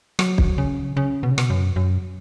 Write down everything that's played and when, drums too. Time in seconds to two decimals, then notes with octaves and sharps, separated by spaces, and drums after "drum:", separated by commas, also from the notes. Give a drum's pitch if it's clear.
0.19 F#3, drum: rim click
0.38 drum: kick
0.58 C#3
0.97 C#3
1.23 B2
1.31 C#3
1.38 B2, drum: rim click
1.50 F#2
1.76 F#2